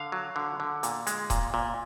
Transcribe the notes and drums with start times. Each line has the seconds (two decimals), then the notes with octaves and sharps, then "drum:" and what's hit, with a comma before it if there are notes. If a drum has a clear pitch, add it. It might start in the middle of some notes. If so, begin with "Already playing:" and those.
Already playing: D3 F5
0.12 F#3
0.36 D3
0.60 D3
0.83 A#2, drum: hi-hat
1.07 G#3, drum: hi-hat
1.30 A#2, drum: kick D#1, hi-hat
1.54 A#2